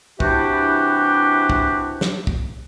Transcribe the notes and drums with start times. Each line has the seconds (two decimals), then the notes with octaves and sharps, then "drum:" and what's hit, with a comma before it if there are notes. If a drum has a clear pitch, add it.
0.20 C3 E3 D4 E4 F#4 G4, drum: kick
1.50 drum: kick
2.01 drum: snare
2.27 drum: kick